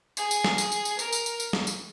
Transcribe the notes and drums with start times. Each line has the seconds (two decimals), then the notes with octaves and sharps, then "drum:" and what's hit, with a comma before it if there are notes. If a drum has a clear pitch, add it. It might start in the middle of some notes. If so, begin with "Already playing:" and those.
0.17 G#4, drum: tambourine
0.31 drum: tambourine
0.44 drum: snare
0.58 drum: tambourine
0.72 drum: tambourine
0.85 drum: tambourine
0.99 A#4, drum: tambourine
1.12 drum: tambourine
1.26 drum: tambourine
1.40 drum: tambourine
1.53 drum: snare
1.67 drum: tambourine